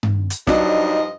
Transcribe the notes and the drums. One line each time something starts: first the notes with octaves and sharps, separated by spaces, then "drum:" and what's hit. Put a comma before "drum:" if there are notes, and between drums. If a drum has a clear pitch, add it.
drum: tom G2
drum: hi-hat
G2 F3 F#3 D4 D#4 D#5, drum: snare